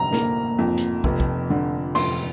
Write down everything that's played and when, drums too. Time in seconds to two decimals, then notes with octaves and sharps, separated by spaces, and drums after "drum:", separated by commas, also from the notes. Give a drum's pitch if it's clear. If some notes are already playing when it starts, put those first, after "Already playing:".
Already playing: F1 D3 A#5
0.12 A#3, drum: snare
0.59 F2
0.77 drum: hi-hat
1.04 F1, drum: kick
1.20 drum: kick
1.50 D3
1.95 F1 C6, drum: cymbal